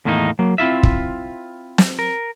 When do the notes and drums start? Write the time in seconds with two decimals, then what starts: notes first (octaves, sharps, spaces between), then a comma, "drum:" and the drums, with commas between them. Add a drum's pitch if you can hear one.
0.05 E2 A2 D#3 A#3 B3 D#4
0.39 F#3 A#3
0.58 C4 E4 F4 E5
0.83 drum: kick
1.78 drum: snare
1.99 A#4